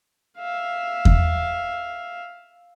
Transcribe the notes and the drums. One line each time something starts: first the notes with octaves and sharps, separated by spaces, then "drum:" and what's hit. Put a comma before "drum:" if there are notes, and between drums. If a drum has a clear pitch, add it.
E5 F5
drum: kick E2